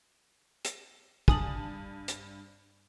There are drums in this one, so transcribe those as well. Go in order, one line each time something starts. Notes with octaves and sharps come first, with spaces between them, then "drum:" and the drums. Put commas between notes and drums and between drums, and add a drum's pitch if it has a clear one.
drum: hi-hat
G2 G#5 A5 D#6 F#7, drum: kick
drum: hi-hat